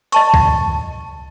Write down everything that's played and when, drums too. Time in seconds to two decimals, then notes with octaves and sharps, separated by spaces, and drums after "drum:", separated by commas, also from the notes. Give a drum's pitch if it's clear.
0.12 D#5 A5 C#6, drum: hi-hat
0.34 drum: kick C2